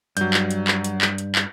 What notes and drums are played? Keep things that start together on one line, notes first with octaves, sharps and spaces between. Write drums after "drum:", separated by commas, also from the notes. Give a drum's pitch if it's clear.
G2 F#3 G6, drum: hi-hat
drum: clap
drum: hi-hat
drum: clap
drum: hi-hat
drum: clap
drum: hi-hat
drum: clap